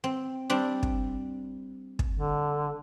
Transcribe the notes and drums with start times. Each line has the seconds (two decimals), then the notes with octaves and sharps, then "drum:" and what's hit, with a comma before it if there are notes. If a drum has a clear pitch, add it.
0.04 C4
0.50 G3 C4 D4
0.83 drum: kick
1.99 drum: kick
2.13 D3